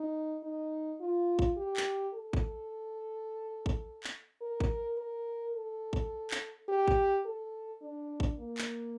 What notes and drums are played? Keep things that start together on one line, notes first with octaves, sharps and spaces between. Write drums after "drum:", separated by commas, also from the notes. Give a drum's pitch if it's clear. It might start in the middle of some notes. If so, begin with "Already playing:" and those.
Already playing: D#4
D#4
F4
drum: kick A1
G4
drum: clap
A4
drum: kick A1
drum: kick A1
drum: clap
A#4
drum: kick A1
A#4
A4
drum: kick A1
drum: clap
G4
drum: kick A1
A4
D4
drum: kick A1
A#3
drum: clap